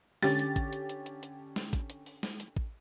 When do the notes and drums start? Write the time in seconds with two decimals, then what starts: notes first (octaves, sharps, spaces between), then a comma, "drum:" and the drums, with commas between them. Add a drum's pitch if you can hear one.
0.23 D3 C#4 G4 A6, drum: snare G#3
0.39 drum: hi-hat
0.56 drum: kick A1, hi-hat
0.73 drum: hi-hat
0.89 drum: hi-hat
1.06 drum: hi-hat
1.23 drum: hi-hat
1.56 drum: snare G#3
1.73 drum: kick A1, hi-hat
1.90 drum: hi-hat
2.06 drum: open hi-hat
2.23 drum: snare G#3
2.40 drum: hi-hat
2.57 drum: kick A1